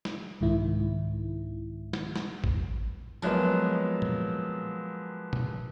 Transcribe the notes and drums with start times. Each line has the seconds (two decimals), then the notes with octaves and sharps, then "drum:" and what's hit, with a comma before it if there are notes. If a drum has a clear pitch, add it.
0.05 drum: snare
0.40 C2 G#2 D#3 E4
1.93 drum: snare
2.16 drum: snare
2.44 drum: kick G#1
3.22 F3 F#3 G#3 A#3 B3, drum: tambourine
4.02 drum: tom
5.33 drum: tom